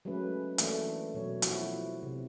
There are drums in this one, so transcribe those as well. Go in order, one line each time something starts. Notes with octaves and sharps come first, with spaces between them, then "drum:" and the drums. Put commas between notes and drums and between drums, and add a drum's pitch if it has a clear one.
F#3 G#3 A3 C#4 B4
E3 A3 A#3 D4, drum: hi-hat
B2 F#3 C#5
F3 E4 F#4, drum: hi-hat
C3